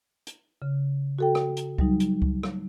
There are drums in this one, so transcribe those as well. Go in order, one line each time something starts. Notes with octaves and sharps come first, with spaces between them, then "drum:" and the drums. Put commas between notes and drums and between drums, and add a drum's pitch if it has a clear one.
drum: hi-hat
C#3
F#4 A4 G5
drum: rim click
drum: hi-hat
F#3 G3 D#4, drum: kick C#2
drum: hi-hat
drum: kick C#2
drum: rim click